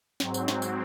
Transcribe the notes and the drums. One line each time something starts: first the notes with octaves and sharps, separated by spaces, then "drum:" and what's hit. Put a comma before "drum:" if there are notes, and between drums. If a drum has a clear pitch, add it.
G#2 F#3 C4, drum: snare
drum: tambourine
drum: snare
drum: tambourine